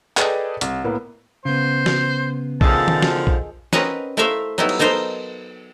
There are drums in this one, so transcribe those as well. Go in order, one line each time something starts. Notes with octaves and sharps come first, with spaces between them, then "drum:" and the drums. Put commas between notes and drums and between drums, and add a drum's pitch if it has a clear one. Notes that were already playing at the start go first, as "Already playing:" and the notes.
G#4 A4 B4 D5 D#5 G5, drum: clap
C2, drum: hi-hat
A2 A#3 B3
C#3 B3 C5
drum: snare
D3 D#3 F3 G#4 D#5 E5 A5, drum: kick A#1
drum: tom D#3
drum: snare
drum: kick A#1
C4 C#4 A#4 B4 D#5 F#5, drum: snare
A3 E4 A#4 C5 E5 F5
F#3 G3 B3 D#4 E4
drum: cymbal
B3 D#4 A4 A#4 C5